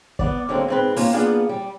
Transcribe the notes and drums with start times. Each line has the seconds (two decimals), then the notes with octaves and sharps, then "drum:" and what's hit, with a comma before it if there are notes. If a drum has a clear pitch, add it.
0.19 B3 D5, drum: kick
0.49 D3 F#3 G#3 A#3 C4
0.68 G#2 C4 B4
0.96 A#3 C#4 F4 G#5, drum: open hi-hat
1.13 A#3 B3 D4 F4 G#4
1.49 G3